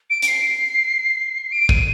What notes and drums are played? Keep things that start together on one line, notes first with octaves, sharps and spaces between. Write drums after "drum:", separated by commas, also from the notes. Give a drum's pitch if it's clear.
D7
D7, drum: hi-hat
C7
D7
D#7, drum: kick